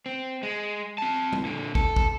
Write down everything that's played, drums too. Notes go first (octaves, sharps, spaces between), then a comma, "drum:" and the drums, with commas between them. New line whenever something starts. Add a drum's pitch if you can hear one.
C4
G#3
C4 A5
drum: tom G3
A#2 D3
A4, drum: kick
drum: kick